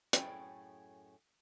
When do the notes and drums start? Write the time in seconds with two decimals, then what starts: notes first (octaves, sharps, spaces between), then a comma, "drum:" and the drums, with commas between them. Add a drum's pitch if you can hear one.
0.13 F#2 A2 E3 C#4 G#4 G5, drum: hi-hat